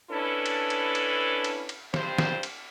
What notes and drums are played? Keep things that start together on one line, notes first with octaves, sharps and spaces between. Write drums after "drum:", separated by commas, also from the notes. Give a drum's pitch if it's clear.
C#4 D4 E4 A4 B4
drum: cymbal
drum: cymbal
drum: cymbal
drum: cymbal
drum: cymbal
G2 G3 C4 C5, drum: snare
drum: snare
drum: cymbal